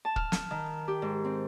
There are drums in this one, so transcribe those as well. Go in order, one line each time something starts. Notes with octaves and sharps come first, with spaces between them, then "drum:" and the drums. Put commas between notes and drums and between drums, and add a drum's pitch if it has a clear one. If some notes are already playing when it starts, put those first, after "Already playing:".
A5
F6, drum: kick
drum: snare
D#3
G4
G#2
C4